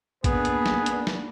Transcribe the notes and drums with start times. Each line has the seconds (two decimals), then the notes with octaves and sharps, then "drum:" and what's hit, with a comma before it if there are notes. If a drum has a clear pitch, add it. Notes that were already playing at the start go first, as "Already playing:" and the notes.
0.24 A#3 B3 D4 G#4 B4, drum: kick A#1, hi-hat
0.45 drum: hi-hat
0.66 drum: snare
0.86 drum: hi-hat
1.07 drum: snare